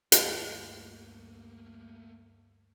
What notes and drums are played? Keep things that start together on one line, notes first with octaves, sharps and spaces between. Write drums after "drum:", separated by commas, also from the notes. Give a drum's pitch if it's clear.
D2 G2 A3 A#3, drum: hi-hat